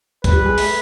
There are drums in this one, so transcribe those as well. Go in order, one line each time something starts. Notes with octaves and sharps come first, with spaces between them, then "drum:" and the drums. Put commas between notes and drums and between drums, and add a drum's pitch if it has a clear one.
B4, drum: kick, hi-hat
G3
G#3
A3, drum: open hi-hat